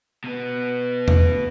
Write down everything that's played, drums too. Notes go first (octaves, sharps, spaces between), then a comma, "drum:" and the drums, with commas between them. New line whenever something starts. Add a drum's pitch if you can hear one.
B2 B3
drum: tom E2